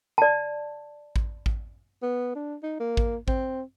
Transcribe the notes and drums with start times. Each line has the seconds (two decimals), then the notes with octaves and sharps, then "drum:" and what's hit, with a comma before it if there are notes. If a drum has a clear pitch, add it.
0.18 D5 A5
1.16 drum: kick A1
1.46 drum: kick A1
2.02 B3
2.35 D4
2.63 D#4
2.80 A#3
2.97 drum: kick A1
3.28 C4, drum: kick A1